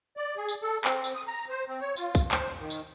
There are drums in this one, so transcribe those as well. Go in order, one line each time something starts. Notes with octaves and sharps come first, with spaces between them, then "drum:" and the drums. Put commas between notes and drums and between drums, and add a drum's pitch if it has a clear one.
D5
G#4
drum: tambourine
A4
C4, drum: clap
drum: tambourine
D#6
A#5
C5
C4
C#5
F4, drum: tambourine
drum: kick, tambourine
C5, drum: clap
D#3
drum: tambourine